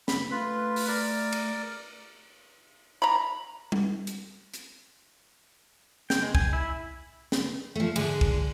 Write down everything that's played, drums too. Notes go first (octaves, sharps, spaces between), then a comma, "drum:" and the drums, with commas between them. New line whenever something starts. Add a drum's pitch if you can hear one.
B5, drum: snare
A3 F4 B4
drum: open hi-hat
A#4 D5
drum: cymbal
A#5 B5
drum: tom G3
drum: hi-hat
drum: hi-hat
G5, drum: snare
G#3
G#5, drum: kick C2
E4
drum: snare
F3 A3
G#2 D3 G#3, drum: cymbal
drum: kick C2